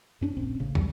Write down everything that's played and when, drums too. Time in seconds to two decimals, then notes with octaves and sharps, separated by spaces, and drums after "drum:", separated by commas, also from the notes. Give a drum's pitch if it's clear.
0.21 F#2 C#4 D4
0.36 D1 A#1 C4
0.60 A1 C#3
0.75 B1 E2 F#3 G3, drum: tom